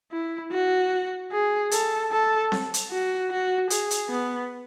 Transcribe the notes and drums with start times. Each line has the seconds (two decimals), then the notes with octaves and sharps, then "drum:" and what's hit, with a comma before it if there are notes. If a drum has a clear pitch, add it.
0.11 E4
0.52 F#4
1.32 G#4
1.71 A4, drum: hi-hat
2.12 A4
2.52 drum: snare C4
2.74 drum: hi-hat
2.91 F#4
3.31 F#4
3.70 G#4, drum: hi-hat
3.91 drum: hi-hat
4.10 B3